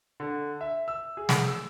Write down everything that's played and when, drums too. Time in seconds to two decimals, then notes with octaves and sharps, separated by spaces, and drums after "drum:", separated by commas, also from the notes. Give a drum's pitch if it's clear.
0.20 D3
0.61 E5
0.88 E6
1.17 G#4
1.29 drum: snare
1.48 E6